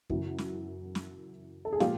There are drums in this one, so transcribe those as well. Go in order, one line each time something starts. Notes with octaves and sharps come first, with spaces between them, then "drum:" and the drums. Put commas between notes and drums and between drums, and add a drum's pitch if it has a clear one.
F#2 C#3 E3 E4 F#4, drum: kick
drum: snare
drum: snare
A4
G#4
A#2 F3 G#3 F4 G4, drum: snare